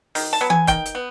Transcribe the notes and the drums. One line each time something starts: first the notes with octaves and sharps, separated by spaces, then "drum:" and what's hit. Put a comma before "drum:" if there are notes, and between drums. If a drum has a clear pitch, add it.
D#3, drum: open hi-hat
A5
F#3 B3
G#5, drum: tom E3
D#3 G5, drum: kick, hi-hat
drum: hi-hat
B3